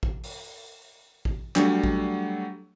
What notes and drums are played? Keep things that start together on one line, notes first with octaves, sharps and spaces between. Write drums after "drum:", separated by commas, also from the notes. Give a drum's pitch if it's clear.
drum: kick A1
drum: open hi-hat
drum: kick A1
F#3 G3 A3 D4, drum: clap
drum: kick A1